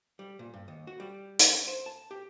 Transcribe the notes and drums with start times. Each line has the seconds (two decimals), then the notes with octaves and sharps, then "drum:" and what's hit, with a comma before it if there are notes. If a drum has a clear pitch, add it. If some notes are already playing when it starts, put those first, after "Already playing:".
0.19 G3
0.39 A#2
0.54 G2
0.68 D#2
0.87 F#4
1.00 G3
1.39 drum: hi-hat
1.68 C5
1.86 A5
2.11 G4